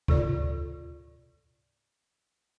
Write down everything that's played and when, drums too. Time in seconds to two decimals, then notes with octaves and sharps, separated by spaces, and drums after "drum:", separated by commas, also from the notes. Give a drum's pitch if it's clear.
0.08 F4 A4 D5, drum: kick D2